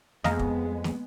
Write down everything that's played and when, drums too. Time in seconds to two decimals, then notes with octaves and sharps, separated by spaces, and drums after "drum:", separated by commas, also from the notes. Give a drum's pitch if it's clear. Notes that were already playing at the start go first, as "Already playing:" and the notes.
0.24 F2 G#3 B3 D#5 F5 A#5, drum: snare
0.39 drum: kick
0.84 drum: snare